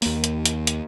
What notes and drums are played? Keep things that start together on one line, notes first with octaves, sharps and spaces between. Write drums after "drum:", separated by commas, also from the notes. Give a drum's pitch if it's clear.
D#2 A#3, drum: open hi-hat
drum: hi-hat
drum: hi-hat
drum: hi-hat